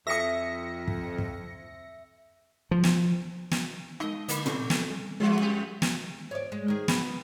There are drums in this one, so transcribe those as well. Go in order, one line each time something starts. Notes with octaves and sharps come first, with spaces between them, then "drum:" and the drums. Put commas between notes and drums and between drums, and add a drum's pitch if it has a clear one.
F2 E5 D#6 A#6 C#7
drum: kick
drum: kick
F3
drum: snare
drum: snare
G#3 D#4 D#5, drum: rim click
D3 A3 A#4 B5, drum: hi-hat
C4 A4, drum: tom
drum: snare
G3
E3 G#3 A3 F#4
F2 G4 D#7 F#7
drum: snare
C#5 D5
G#3
D#3 G#4
B3, drum: snare